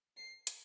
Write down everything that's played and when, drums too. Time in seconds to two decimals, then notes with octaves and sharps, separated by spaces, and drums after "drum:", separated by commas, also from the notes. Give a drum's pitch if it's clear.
0.17 C7
0.47 drum: hi-hat